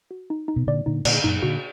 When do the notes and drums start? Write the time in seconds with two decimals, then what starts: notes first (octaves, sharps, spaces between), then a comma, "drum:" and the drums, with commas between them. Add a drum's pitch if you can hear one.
0.11 F#4
0.30 D#4
0.48 D#4
0.56 B2
0.67 A#2 D3 D5
0.86 A#2 D3 D#4
1.05 A#2 D3 D5, drum: cymbal
1.24 F#2 A#2 D#4
1.43 A#2 D3 F#4